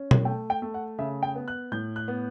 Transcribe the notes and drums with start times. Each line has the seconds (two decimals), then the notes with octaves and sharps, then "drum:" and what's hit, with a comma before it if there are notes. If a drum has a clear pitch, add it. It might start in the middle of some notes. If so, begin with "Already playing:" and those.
Already playing: C#4
0.11 drum: tom B2
0.25 A3 G5
0.50 G5
0.62 A3
0.74 F#5
0.99 C#3 E5
1.23 G5
1.35 B3
1.48 F#6
1.72 A2 G6
1.96 F#6
2.08 B3